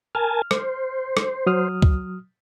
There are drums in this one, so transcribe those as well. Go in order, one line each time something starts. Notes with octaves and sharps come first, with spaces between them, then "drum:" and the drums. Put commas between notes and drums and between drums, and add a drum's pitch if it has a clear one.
A#4 G#5 A5 F6
C5, drum: rim click
drum: rim click
F#3 D#6 F6
drum: kick